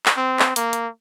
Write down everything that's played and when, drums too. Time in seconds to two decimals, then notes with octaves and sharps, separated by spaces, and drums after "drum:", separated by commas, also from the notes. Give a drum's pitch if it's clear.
0.06 drum: clap
0.17 C4
0.39 drum: clap
0.56 A#3, drum: hi-hat
0.73 drum: hi-hat